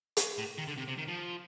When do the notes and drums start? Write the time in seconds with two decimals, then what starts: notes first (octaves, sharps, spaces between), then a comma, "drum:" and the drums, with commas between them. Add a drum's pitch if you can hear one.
0.17 drum: hi-hat
0.38 A2
0.58 D#3
0.68 D3
0.78 C3
0.88 C3
0.98 D#3
1.08 F3